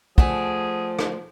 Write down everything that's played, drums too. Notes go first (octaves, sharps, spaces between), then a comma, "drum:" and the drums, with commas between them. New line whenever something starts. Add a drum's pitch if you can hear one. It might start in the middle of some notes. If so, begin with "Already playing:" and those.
F3 A3 G#4 D5 F#5 G#5, drum: kick
drum: rim click